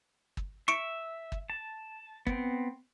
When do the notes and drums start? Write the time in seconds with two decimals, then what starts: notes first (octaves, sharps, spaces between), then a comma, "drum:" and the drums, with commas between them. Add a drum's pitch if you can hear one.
0.37 drum: kick
0.68 E5 C#6 C#7 D7
1.32 drum: kick
1.50 A5
2.27 B3 C4, drum: kick